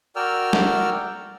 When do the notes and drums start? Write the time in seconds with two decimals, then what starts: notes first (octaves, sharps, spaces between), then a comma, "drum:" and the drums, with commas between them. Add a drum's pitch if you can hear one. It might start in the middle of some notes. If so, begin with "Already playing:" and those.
0.16 F#4 A#4 D5 G5 E6 F6
0.53 drum: snare